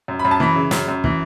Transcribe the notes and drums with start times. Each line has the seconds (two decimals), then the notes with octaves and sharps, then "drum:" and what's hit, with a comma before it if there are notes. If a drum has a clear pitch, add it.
0.08 F#2
0.19 B5
0.25 F#2
0.31 A5
0.40 E3 B5
0.55 C#3
0.71 F#2, drum: snare
0.88 F#2
1.04 E3, drum: kick